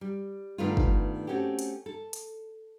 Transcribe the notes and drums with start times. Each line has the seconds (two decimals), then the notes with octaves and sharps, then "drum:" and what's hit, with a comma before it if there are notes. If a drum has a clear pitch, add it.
0.01 G3
0.58 G2 D#3 A3 B3 F4
0.77 drum: kick
1.27 A3 C4 C#4 F#4 G4
1.59 drum: hi-hat
1.86 A4
2.13 drum: hi-hat